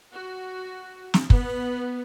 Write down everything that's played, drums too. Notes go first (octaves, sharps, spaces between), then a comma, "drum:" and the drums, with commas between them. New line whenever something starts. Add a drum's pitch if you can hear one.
F#4
drum: snare
B3, drum: kick